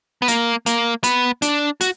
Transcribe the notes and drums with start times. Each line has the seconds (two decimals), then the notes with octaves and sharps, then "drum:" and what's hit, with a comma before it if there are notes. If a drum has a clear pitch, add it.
0.22 B3
0.28 A#3, drum: hi-hat
0.66 A#3, drum: hi-hat
1.04 B3, drum: hi-hat
1.42 D4, drum: hi-hat
1.81 F#4, drum: hi-hat